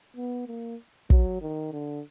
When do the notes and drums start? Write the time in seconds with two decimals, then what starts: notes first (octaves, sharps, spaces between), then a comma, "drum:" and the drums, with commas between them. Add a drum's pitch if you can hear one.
0.16 B3
0.47 A#3
1.10 F#3, drum: kick
1.42 D#3
1.73 D3